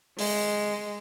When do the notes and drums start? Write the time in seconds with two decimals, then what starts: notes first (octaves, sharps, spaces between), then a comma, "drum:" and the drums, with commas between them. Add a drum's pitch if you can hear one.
0.19 G#3, drum: open hi-hat